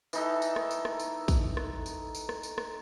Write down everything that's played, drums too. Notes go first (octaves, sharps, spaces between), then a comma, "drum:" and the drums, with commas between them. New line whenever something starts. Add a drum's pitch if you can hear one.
E3 D#4 A4, drum: tambourine
drum: tambourine
drum: rim click
drum: tambourine
drum: rim click
drum: tambourine
drum: kick, tambourine
drum: rim click
drum: tambourine
drum: tambourine
drum: rim click
drum: tambourine
drum: rim click